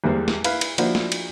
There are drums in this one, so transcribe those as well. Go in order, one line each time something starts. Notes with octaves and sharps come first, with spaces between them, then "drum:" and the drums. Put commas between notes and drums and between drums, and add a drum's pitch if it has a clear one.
E2 G3 G#3 A#3 C5
drum: snare
E4 B4 F5, drum: cymbal
drum: cymbal
F3 A#3 D4 E4 F#4 C5, drum: cymbal
drum: snare
drum: cymbal